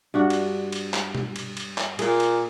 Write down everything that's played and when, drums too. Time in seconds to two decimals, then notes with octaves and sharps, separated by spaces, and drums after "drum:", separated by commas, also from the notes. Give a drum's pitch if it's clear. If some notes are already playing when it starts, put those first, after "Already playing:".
0.14 G2 D4 F#4
0.30 drum: cymbal
0.72 drum: cymbal
0.94 drum: clap
1.15 drum: tom B2
1.36 drum: cymbal
1.57 drum: cymbal
1.78 drum: clap
1.99 A#2 G#4, drum: cymbal
2.20 drum: cymbal